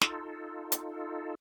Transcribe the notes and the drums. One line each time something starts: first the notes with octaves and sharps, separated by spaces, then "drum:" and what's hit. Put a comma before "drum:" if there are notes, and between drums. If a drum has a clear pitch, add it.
D#4 F4 A4, drum: snare
drum: hi-hat